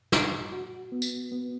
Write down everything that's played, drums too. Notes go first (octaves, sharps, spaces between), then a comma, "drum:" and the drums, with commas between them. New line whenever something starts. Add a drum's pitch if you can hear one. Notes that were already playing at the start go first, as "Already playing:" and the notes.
F#4, drum: snare
F#4
B3
drum: tambourine
B3